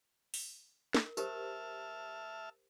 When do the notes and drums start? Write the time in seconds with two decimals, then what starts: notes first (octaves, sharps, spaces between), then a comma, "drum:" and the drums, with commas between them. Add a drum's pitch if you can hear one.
0.34 drum: open hi-hat
0.95 A#4, drum: snare
1.17 G4 A#4 C5 E5 A5 F6, drum: tambourine